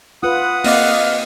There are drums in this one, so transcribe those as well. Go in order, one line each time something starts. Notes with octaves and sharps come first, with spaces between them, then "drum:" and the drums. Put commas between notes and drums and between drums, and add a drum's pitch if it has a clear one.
F4 B4 F#5 D#6
A#3 C4 D#5 F5 D6, drum: open hi-hat